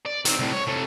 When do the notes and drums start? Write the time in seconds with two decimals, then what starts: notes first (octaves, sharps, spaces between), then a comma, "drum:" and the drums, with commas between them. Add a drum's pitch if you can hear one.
0.06 D5
0.25 D#3 C4, drum: hi-hat
0.39 C2 A2
0.53 C#5
0.67 C3 A3